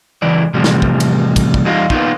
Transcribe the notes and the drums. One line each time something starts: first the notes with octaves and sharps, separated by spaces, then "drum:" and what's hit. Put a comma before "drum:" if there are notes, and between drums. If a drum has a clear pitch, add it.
C#2 E3 D5
E2 A2 C3 F3 G3
drum: snare
drum: kick
drum: cymbal
drum: kick, cymbal
drum: kick
E2 G3 D#4 F4 D#5 F5
A#3 B3 D4 D#4 F4, drum: kick